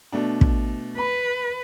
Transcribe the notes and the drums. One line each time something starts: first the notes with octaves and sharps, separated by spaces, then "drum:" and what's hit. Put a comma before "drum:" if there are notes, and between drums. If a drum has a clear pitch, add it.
B2 A3 D4
drum: kick
B4 B5